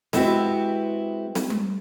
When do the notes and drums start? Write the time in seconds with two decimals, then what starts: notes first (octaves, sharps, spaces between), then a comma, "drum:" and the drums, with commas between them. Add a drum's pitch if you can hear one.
0.13 G#3 C4 E4 F#4 G4 B4, drum: snare
1.35 drum: snare
1.50 drum: tom G3